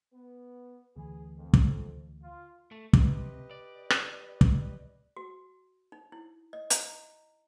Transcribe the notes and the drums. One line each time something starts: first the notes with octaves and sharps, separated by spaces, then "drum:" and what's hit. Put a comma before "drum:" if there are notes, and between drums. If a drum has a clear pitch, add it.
B3
D2 E3 G#4
F2
drum: kick
F4
A3
C3 G4 B4 D#5, drum: kick
D5
drum: rim click
drum: kick
F#4
D#4
E4
D#5
A#5, drum: hi-hat